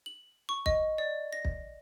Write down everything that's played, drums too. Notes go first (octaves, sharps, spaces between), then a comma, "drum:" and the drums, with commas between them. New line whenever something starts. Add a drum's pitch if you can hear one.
F#7
C#6
D#5, drum: kick
D5
A#6
drum: kick